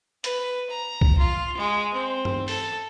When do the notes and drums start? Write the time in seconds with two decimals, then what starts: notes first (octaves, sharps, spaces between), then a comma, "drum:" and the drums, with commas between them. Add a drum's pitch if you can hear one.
0.24 B4, drum: hi-hat
0.70 A#5
1.01 drum: kick
1.18 F4
1.57 G#3
1.94 C4
2.25 drum: tom G2
2.48 A4, drum: open hi-hat